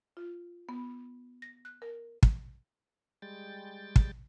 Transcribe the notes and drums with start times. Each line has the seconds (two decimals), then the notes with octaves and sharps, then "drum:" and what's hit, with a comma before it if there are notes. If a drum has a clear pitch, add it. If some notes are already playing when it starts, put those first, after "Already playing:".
0.17 F4
0.69 B3
1.42 A#6
1.65 F#6
1.82 A#4
2.23 drum: kick
3.22 G3 G#3 G5 A6
3.96 drum: kick